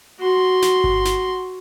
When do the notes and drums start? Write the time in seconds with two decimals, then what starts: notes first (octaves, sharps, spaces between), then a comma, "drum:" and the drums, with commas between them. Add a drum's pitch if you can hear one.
0.19 F#4 C6
0.62 drum: snare
0.84 drum: kick G1
1.05 drum: snare